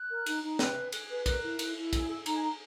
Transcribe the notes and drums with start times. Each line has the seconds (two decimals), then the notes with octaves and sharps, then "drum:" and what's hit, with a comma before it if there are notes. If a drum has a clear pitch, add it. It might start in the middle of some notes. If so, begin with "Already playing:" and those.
Already playing: F#6
0.09 A#4
0.26 D#4, drum: cymbal
0.43 D#4
0.59 B4 F#6, drum: snare
0.76 G#4
0.92 G#4 F#6, drum: cymbal
1.09 B4
1.26 A#4 F#6, drum: kick, cymbal
1.43 E4
1.59 E4, drum: cymbal
1.76 E4
1.93 G#4 E6, drum: kick, cymbal
2.09 G#4 E6
2.26 D#4 A#5, drum: cymbal
2.34 G#5
2.42 G#4 A#5